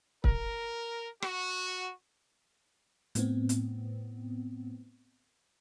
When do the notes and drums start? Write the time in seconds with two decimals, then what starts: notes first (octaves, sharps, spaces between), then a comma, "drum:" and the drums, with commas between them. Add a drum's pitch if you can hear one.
0.24 A#4, drum: kick
1.22 F#4, drum: rim click
3.15 A2 B3 C4, drum: hi-hat
3.49 drum: hi-hat